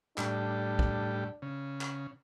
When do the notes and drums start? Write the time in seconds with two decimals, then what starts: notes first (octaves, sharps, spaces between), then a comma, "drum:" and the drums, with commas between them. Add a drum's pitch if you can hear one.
0.18 A2 G3 D4, drum: clap
0.79 drum: kick
1.42 C#3
1.81 drum: clap